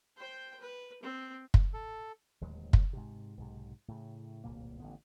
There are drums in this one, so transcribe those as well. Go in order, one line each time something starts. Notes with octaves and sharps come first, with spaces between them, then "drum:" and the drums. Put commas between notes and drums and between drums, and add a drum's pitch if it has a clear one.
C5 G5
B4
C4
drum: kick
A4
D1 D#2 F#3 G#3
drum: kick
G#2 C3
B1 G#2 C3
A2 C#3
D1 C2 A#2 A#3
A1 D3 B3